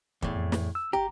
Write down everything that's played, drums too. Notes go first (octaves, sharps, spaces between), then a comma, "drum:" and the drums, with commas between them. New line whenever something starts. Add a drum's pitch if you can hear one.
E2 A2, drum: kick
F2
drum: snare
E6
G1 G4 A#5